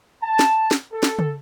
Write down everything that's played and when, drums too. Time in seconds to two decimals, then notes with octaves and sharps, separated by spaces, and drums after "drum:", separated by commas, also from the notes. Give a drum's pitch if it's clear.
0.23 A5
0.39 drum: snare
0.71 drum: snare
0.92 A4
1.03 drum: snare
1.19 drum: tom C#3